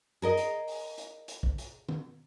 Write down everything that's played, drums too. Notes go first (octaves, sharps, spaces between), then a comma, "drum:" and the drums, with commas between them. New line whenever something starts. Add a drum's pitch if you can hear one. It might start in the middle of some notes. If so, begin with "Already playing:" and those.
G#4 A#4 D#5
drum: hi-hat
drum: open hi-hat
drum: hi-hat
drum: hi-hat
drum: kick
drum: hi-hat
drum: tom D#3